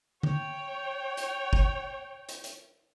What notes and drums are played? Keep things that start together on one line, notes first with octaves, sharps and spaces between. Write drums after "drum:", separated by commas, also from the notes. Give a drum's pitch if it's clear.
C#5 G5, drum: tom
drum: hi-hat
drum: kick
drum: hi-hat
drum: hi-hat